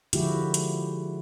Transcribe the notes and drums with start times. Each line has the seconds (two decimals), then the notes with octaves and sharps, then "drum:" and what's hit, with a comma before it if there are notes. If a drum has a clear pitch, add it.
0.13 D3 F3 G#3 E4 F#4 G4, drum: hi-hat
0.54 drum: hi-hat